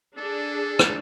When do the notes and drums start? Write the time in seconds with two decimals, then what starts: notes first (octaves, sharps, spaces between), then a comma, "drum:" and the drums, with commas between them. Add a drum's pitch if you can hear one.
0.18 D4 G#4 A4
0.79 drum: rim click